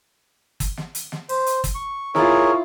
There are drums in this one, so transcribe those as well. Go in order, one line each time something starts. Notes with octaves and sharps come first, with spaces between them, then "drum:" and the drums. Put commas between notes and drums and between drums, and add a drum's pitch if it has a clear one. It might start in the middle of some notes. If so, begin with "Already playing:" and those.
drum: kick, hi-hat
drum: snare
drum: hi-hat
drum: snare
C5, drum: open hi-hat
drum: hi-hat
drum: kick, hi-hat
C#6
E4 F4 G#4 A#4 C#5, drum: snare